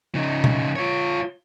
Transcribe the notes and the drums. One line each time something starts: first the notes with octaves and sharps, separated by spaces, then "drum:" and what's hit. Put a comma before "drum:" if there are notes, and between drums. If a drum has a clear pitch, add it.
C#3 D#4
drum: tom B2
F4 C#5